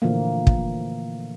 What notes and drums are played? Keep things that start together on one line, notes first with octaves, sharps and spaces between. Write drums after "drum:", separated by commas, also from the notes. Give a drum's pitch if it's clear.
A#2 D3 E3 F3 A3 A#3
drum: kick